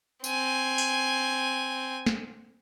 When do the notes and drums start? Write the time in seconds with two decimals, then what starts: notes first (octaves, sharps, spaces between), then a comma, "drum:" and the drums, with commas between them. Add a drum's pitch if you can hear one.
0.24 C4 G#5, drum: tambourine
0.78 drum: open hi-hat
2.06 drum: snare